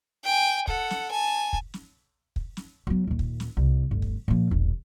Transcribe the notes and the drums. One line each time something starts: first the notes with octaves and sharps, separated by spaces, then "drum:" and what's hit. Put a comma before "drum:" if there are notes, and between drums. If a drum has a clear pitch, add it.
G5 G#5
A4 F#5, drum: kick
drum: snare
G#5 A5
drum: kick
drum: snare
drum: kick
drum: snare
F#3 B3
D#2 A#2
drum: kick
drum: snare
C2
G1 D2
drum: kick
A#2 F3
E1 A#1